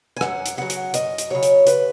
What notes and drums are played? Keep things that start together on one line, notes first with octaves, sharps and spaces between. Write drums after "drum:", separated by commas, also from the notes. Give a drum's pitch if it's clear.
G#5
F#2 F#5, drum: rim click
drum: hi-hat
C#3 F#3 F#5
drum: hi-hat
F#2 D#5, drum: hi-hat
drum: hi-hat
C#3 F#3 C#5
drum: hi-hat
D#2 B4, drum: hi-hat